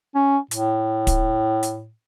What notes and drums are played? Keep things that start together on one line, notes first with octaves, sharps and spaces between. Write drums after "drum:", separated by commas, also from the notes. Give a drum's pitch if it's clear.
C#4
A2, drum: hi-hat
drum: kick, hi-hat
drum: hi-hat